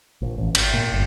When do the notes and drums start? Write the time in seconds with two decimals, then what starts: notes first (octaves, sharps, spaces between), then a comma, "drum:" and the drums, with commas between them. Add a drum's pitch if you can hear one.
0.22 A#1
0.38 A1
0.55 G#1, drum: cymbal
0.73 A#2
0.92 G1